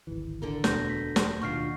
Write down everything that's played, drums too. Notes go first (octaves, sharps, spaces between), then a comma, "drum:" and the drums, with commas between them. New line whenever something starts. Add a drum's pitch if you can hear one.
D1 G#1 E3
D3 A4 A#4
E1 D2 B2 G6 A#6, drum: snare
B6
drum: snare
D#2 B2 D4 F4 C#6 F6 C7